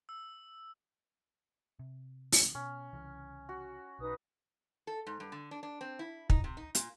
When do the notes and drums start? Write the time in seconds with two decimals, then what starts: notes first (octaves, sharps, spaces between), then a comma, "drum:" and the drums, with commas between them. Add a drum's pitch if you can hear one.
0.09 E6
1.79 C3
2.32 drum: open hi-hat
2.55 B2 C#4
2.93 C2 C#3 E3
3.49 F#4
3.99 B1 D#4 B4 D#6
4.87 A4
5.07 G#2
5.20 G2
5.32 D3
5.51 D4
5.63 D4
5.81 C4
5.99 E4
6.30 D#4, drum: kick
6.44 C3
6.57 D#4
6.75 A#2, drum: hi-hat